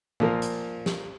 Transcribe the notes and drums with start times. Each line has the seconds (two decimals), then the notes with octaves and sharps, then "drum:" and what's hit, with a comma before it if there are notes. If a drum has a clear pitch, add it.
0.20 A#2 F3 A#4, drum: tom A#2
0.42 drum: hi-hat
0.86 drum: snare